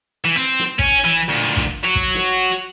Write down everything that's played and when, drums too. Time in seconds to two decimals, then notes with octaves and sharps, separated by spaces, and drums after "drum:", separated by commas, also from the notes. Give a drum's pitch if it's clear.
0.25 E3
0.36 C4
0.60 drum: snare
0.79 C#4, drum: kick
1.05 E3
1.29 D2 A#2
1.57 drum: kick
1.85 F#4 C#5
1.95 drum: kick
2.15 drum: snare